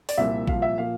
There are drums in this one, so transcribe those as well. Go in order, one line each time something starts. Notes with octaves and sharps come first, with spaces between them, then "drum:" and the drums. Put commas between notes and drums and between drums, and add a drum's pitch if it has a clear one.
D5, drum: open hi-hat
C2 A#2 F3 E5
C2 A#2 F3 F5, drum: kick A1
E5
A#2 F3 F5